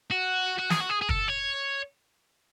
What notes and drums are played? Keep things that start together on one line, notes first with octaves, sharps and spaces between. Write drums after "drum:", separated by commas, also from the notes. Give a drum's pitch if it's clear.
F#4
F#4
G#4, drum: snare
F#4
G#4
G#4
A4, drum: kick
C#5